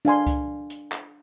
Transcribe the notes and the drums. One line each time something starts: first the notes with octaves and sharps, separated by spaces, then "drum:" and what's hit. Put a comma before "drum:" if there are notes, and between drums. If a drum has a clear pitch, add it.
D4 F5 G#5 C6
drum: kick C#2, hi-hat
drum: hi-hat
drum: clap